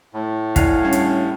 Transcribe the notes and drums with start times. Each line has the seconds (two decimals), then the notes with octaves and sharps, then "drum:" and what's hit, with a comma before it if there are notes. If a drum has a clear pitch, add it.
0.14 A2
0.56 E4 D5 F5 F#5 G#5, drum: kick, hi-hat
0.83 G3 C#4 D4
0.93 drum: hi-hat